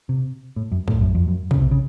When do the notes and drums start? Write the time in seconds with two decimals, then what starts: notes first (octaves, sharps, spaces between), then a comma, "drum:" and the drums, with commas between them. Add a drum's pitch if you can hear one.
0.09 C3
0.56 A2
0.72 F#2
0.88 A2, drum: kick
1.01 F#2
1.15 F2
1.28 F#2
1.51 C#3, drum: kick
1.61 C3
1.71 C#3